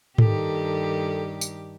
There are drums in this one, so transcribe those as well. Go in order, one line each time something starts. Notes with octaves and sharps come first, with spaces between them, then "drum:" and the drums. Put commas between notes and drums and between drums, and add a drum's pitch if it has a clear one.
G2 D#3 G4 A4, drum: tom G#2
drum: tambourine